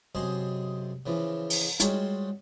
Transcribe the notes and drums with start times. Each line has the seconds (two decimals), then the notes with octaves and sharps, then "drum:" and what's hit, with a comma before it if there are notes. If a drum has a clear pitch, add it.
0.15 F#2 C3 G#4 C5 D#5
1.06 C#3 E3 F3
1.50 drum: open hi-hat
1.80 G3 G#3 F4 F#4 C5 C#5, drum: hi-hat